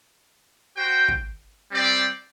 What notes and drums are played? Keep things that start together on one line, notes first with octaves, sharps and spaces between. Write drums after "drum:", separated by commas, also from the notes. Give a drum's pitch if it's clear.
F#4 C5 G5
drum: kick
G3 C4 G4 D5 G5